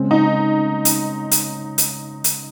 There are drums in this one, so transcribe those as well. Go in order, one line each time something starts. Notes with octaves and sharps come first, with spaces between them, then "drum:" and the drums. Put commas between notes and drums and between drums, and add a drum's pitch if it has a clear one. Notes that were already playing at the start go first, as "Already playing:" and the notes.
Already playing: C#3 G#3 C4
D#4
drum: hi-hat
drum: hi-hat
drum: hi-hat
drum: hi-hat